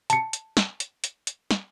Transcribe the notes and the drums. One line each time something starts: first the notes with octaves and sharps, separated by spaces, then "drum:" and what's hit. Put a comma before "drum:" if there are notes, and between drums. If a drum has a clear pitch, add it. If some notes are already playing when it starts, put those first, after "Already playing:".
A5 C#7, drum: hi-hat
drum: hi-hat
drum: snare
drum: hi-hat
drum: hi-hat
drum: hi-hat
drum: snare